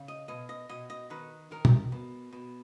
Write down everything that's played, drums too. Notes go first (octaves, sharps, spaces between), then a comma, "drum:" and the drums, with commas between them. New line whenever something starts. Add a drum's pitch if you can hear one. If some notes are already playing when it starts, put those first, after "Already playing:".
Already playing: C#3
D#5
B2 D#5
D#5
B2 D#5
D#5
D#3 B4
D#3 A#4
drum: tom
B2
B2